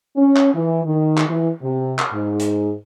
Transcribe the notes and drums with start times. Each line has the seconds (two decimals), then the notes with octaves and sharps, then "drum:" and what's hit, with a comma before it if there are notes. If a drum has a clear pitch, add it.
0.16 C#4
0.36 drum: clap
0.54 E3
0.85 D#3
1.18 drum: clap
1.28 E3
1.62 C3
1.99 drum: clap
2.12 G#2
2.39 drum: hi-hat